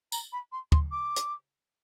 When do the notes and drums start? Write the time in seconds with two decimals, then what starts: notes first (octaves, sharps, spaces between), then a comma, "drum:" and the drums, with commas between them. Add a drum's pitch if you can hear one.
0.12 A#5, drum: tambourine
0.33 B5
0.52 C6
0.72 C6, drum: kick
0.91 D6
1.16 drum: hi-hat